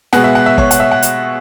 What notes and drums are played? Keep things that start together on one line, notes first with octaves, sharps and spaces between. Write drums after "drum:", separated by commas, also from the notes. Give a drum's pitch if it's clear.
B2 G#3 B3 F#5, drum: snare
E5
F#5
E5
C#5, drum: kick
F#5, drum: hi-hat
E5
F#5
drum: hi-hat